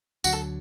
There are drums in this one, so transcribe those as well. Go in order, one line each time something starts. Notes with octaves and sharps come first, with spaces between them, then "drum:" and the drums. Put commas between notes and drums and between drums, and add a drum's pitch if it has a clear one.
D2 D3 F#3 F#4, drum: tambourine
A4